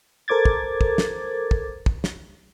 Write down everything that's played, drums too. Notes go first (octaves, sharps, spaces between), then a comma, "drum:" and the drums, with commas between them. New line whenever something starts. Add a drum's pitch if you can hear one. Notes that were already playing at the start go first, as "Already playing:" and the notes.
A4 A#4 C5 D6 G#6 A6
drum: kick
drum: kick
drum: snare
drum: kick
drum: kick
drum: snare